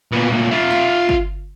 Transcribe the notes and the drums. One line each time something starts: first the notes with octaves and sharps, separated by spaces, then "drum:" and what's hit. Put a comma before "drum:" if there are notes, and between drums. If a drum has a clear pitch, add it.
A#2 B3
A#2 A3
F4 E5
drum: snare
drum: kick